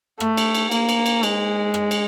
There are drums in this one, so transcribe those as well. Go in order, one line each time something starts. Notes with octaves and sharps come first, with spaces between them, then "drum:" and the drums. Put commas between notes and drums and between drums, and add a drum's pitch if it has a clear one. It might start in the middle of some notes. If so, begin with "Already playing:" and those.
A3, drum: rim click
drum: cymbal
drum: cymbal
A#3, drum: cymbal
drum: cymbal
drum: cymbal
G#3, drum: cymbal
drum: rim click
drum: cymbal